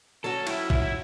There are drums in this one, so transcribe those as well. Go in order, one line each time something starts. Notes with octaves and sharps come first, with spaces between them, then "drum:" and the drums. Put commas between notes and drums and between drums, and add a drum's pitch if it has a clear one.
F#3 C#4 F#4 A4
E4, drum: cymbal
E4, drum: kick A#1
E4